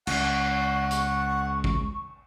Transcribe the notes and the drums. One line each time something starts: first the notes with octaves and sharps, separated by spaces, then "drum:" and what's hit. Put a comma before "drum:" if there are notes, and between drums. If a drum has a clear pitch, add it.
C#2 F#5 C#6, drum: cymbal
drum: hi-hat
drum: kick A1